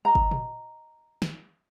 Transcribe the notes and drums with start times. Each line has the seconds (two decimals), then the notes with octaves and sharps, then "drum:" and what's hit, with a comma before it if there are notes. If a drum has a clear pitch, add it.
0.05 D#5 A#5
0.15 drum: kick
0.31 drum: tom A#2
1.22 drum: snare